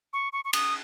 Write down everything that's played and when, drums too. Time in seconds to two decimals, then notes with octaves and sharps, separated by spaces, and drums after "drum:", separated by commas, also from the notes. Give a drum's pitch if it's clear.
0.13 C#6
0.33 C#6
0.45 C#6
0.53 D#6, drum: cymbal